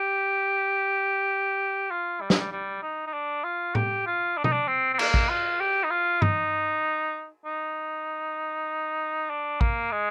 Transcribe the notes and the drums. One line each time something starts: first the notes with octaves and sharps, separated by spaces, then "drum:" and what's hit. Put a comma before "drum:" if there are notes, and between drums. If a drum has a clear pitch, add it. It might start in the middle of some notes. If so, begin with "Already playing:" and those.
Already playing: G4
F4
G3
G#3, drum: snare
G3
G3
D#4
D#4
D4
F4
G4, drum: tom A2
F4
D4
D#4, drum: tom B2
D4
C4
C4
A#3, drum: cymbal
drum: kick A1
F4
G4
D#4
F4
D#4, drum: tom G2
D#4
D4
A#3, drum: kick A1
G#3